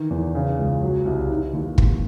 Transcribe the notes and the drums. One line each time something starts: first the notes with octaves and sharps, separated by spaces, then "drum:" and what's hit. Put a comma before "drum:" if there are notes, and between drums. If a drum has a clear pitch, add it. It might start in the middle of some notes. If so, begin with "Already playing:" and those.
Already playing: D#3 E3
E2
C#3
C#2
F#3
C2
D#4
D#2
G#1, drum: kick